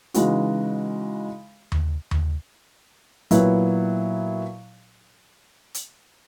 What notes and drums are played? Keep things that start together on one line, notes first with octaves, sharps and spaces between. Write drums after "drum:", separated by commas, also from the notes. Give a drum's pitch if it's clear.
C#3 E3 G#3 D#4 F#4, drum: hi-hat
drum: tom D#2
drum: tom D#2
A#2 F#3 B3 E4, drum: hi-hat
drum: hi-hat